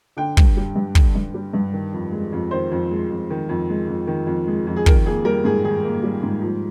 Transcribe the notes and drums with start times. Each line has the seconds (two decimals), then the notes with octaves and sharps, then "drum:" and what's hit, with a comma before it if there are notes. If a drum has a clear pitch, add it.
0.17 D3 G5
0.37 G2, drum: kick
0.57 G3
0.75 G2
0.95 D3, drum: kick
1.15 G2
1.34 G3
1.53 G2
1.73 D#3
1.93 F2
2.12 G#3
2.33 F2
2.51 D#3 C5
2.72 F2
2.90 G#3
3.10 F2
3.30 D#3
3.49 F2
3.69 G#3
3.88 F2
4.07 D#3
4.27 F2
4.47 G#3
4.67 F2
4.76 G#4
4.86 D#3 A#4, drum: kick
5.06 A#3 G#4
5.25 G3 A#4
5.44 G#2 G#4
5.64 D#3 G#4
5.84 A#3
6.03 G3
6.23 G#2
6.42 F3